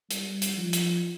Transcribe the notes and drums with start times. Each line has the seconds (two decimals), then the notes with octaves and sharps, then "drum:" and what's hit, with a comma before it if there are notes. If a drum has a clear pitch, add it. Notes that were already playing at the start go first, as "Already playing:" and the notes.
0.10 G3, drum: hi-hat
0.42 drum: hi-hat
0.57 F3
0.73 drum: hi-hat